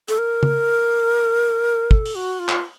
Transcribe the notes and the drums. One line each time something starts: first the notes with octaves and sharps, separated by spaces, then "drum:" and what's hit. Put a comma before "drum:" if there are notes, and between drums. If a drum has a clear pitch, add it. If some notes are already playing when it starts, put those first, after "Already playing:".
A4, drum: hi-hat
A#4
drum: tom C#3
A4, drum: kick
drum: open hi-hat
F#4
F4
drum: clap